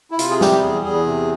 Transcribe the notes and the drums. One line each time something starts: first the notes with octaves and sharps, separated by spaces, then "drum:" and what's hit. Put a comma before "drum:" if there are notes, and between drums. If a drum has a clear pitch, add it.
E4
C3 F4, drum: hi-hat
G#4
G3 G4, drum: snare
E2 G#4
E2 G#4
C3